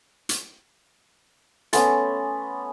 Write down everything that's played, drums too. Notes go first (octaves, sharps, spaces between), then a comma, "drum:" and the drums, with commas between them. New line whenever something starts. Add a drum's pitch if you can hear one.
drum: hi-hat
A3 B3 C#4 G#5 C6 A6, drum: hi-hat